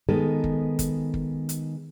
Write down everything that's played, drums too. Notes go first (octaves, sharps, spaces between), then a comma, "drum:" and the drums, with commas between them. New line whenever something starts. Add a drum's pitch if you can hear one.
D#3 G#3 B3 D#4 G#4 A4
drum: kick
drum: kick, hi-hat
drum: kick
drum: hi-hat